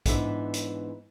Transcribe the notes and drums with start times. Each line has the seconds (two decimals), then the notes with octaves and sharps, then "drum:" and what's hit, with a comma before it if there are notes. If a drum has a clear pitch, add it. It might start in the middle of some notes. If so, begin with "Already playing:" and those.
0.06 G#2 E3 B3 D4 E4 E5, drum: kick, hi-hat
0.54 drum: hi-hat